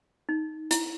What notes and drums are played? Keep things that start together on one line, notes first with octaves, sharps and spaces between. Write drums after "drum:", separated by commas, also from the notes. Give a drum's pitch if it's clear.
D#4
E4, drum: hi-hat